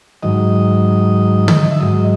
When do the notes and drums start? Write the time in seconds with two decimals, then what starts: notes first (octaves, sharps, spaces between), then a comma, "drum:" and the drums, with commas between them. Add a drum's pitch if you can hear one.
0.23 G#2 D#3 F#3 D#5
1.48 drum: tom D3
1.71 E5
1.81 G#2 F#3 D#5